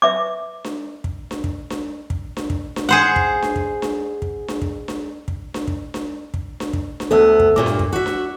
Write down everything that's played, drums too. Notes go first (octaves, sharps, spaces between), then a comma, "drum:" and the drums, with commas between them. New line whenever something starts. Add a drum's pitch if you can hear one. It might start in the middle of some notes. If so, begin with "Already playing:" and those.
B4 E5 D6
drum: snare D4
drum: kick
drum: snare D4
drum: kick
drum: snare D4
drum: kick
drum: snare D4
drum: kick
drum: snare D4
G#4 C5 F#5
drum: kick
drum: snare D4
drum: kick
drum: snare D4
drum: kick
drum: snare D4
drum: kick
drum: snare D4
drum: kick
drum: snare D4
drum: kick
drum: snare D4
drum: kick
drum: snare D4
drum: kick
drum: snare D4
D2 B3 A4 E5 E6
drum: kick
G2 A#2 A#3 D6
drum: snare D4
drum: kick
F#4 E5
drum: snare D4